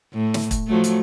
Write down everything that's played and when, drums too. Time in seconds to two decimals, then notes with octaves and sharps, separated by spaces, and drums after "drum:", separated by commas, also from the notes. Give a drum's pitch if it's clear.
0.14 A2
0.34 drum: snare
0.51 drum: kick, hi-hat
0.67 F3 F#3 A3
0.84 drum: hi-hat